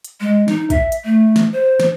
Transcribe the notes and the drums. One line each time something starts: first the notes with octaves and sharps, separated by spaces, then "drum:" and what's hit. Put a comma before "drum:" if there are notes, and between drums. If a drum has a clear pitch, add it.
drum: hi-hat
G#3
D#4, drum: snare
E5, drum: kick, hi-hat
drum: hi-hat
A3
drum: snare
C5
drum: snare